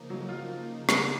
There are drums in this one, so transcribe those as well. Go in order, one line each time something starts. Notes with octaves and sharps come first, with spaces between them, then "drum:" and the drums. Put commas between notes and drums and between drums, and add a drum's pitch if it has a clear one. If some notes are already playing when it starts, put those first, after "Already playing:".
Already playing: C#3 F3 A#3 D#4
F#3
F4
drum: rim click